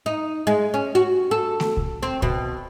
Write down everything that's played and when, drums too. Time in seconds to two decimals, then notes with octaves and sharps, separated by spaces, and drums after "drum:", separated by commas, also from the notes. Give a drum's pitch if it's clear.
0.06 D#4
0.47 G#3
0.74 C#4
0.95 F#4
1.31 A4
1.60 drum: snare A3
1.77 drum: kick C2
2.03 C4
2.22 B2, drum: kick C2